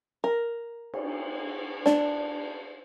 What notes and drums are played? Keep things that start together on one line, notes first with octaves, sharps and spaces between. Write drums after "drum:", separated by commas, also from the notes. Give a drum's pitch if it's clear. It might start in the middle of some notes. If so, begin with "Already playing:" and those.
A#4
drum: cymbal
D4, drum: snare